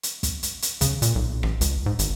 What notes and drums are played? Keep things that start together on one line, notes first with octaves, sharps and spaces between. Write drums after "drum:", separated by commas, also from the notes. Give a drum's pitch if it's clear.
drum: hi-hat
drum: kick, hi-hat
drum: hi-hat
drum: hi-hat
C#3, drum: kick, hi-hat
A#2, drum: hi-hat
B1
A1, drum: rim click
C#2, drum: hi-hat
G#2
G#1, drum: hi-hat